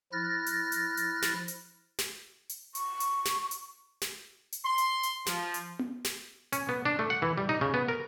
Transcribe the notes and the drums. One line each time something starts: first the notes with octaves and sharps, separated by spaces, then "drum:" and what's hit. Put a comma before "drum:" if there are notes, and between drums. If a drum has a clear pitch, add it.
F3 E4 F6 F#6 A6 A#6
drum: hi-hat
drum: hi-hat
drum: hi-hat
drum: snare
drum: hi-hat
drum: snare
drum: hi-hat
C#6, drum: hi-hat
drum: hi-hat
drum: snare
drum: hi-hat
drum: snare
drum: hi-hat
C6
drum: hi-hat
drum: hi-hat
F3, drum: snare
drum: hi-hat
drum: tom B3
drum: snare
C#4, drum: hi-hat
B3
D4
A3
F#5
E3
G3
D#4
C#3
B3
A#4